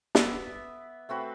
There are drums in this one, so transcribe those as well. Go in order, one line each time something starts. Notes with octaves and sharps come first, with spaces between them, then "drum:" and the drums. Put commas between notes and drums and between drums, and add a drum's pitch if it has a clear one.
B3 E5 D6, drum: snare
A3 C4 F#4 B4